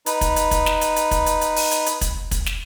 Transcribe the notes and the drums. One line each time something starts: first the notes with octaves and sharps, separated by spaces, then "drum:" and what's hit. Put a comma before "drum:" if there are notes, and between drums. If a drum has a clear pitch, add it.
D#4 B4, drum: hi-hat
drum: kick, hi-hat
drum: hi-hat
drum: kick, hi-hat
drum: snare
drum: hi-hat
drum: hi-hat
drum: kick, hi-hat
drum: hi-hat
drum: hi-hat
drum: open hi-hat
drum: hi-hat
drum: hi-hat
drum: kick, hi-hat
drum: kick, hi-hat
drum: snare